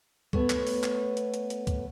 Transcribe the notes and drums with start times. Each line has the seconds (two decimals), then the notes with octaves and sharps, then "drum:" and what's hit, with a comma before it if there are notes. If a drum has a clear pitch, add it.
0.33 A3 B3 C#5, drum: kick C#2
0.50 drum: clap
0.67 drum: open hi-hat
0.83 drum: clap
1.17 drum: hi-hat
1.34 drum: hi-hat
1.50 drum: hi-hat
1.67 drum: kick C#2, hi-hat